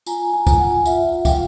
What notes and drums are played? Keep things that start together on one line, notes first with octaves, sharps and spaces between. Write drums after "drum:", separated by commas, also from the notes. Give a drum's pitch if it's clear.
F4 G#5 A#5, drum: tambourine
F4 G#5 A#5
drum: kick, tambourine
F4 F#5 G#5
F4 E5 F#5, drum: tambourine
F4
F5 G5, drum: kick, tambourine